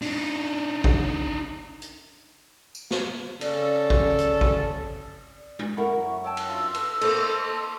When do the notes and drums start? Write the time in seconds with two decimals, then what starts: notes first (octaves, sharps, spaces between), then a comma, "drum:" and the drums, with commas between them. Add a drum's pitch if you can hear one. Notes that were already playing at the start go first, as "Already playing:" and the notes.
0.02 D4 D#4, drum: open hi-hat
0.84 drum: kick
1.82 drum: hi-hat
2.75 drum: tambourine
2.91 drum: snare
3.41 C#3 C#4 A4 D5, drum: cymbal
3.90 drum: kick
4.18 drum: hi-hat
4.41 drum: kick
5.36 D5
5.59 drum: tom G#3
5.77 F#2 E4 A#4 E5 F#5 B5 C#6
6.24 C#5 G5 A5 E6
6.37 drum: cymbal
6.48 D4 F4 F#4 E5
6.74 A4 B4 E6, drum: cymbal
7.01 A#3 A4 C5 D#5 A5, drum: cymbal